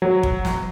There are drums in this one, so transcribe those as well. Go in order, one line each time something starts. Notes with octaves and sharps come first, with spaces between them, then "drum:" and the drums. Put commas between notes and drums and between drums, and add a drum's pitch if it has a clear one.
F#3
drum: kick
drum: snare